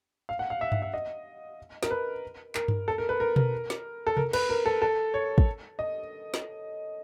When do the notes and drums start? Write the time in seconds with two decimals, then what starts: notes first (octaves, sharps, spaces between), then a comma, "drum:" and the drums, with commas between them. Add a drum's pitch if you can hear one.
0.29 F5
0.39 F#5
0.50 F5
0.61 E5
0.72 E5, drum: tom G2
0.82 E5
0.94 D#5
1.83 A#4, drum: snare
1.90 B4
2.55 A#4, drum: clap
2.68 drum: tom G2
2.88 A4
2.98 A#4
3.09 B4
3.20 A#4
3.36 A#4, drum: tom B2
3.70 drum: snare
4.07 A4
4.17 A#4, drum: tom C3
4.33 B4, drum: cymbal
4.49 A#4
4.66 A4
4.82 A4
5.14 C#5
5.38 drum: kick
5.79 D#5
6.34 drum: snare